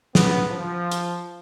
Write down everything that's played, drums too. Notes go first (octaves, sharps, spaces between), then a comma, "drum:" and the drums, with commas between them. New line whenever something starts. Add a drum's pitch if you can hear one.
B3, drum: snare
F3
drum: hi-hat